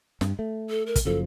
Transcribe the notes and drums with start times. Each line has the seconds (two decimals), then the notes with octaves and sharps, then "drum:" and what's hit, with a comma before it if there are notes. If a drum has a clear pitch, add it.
0.21 G2, drum: snare
0.39 A3
0.70 A4
0.86 A#4
0.96 drum: kick, hi-hat
1.05 F#1 F#2 F3 A4